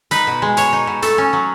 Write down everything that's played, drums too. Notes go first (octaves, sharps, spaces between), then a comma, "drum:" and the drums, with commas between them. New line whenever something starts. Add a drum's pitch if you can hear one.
D#4 B4, drum: hi-hat
B2
G#3
B2 C#5, drum: hi-hat
D#4
B2
A3 A4, drum: hi-hat
C#4
F#3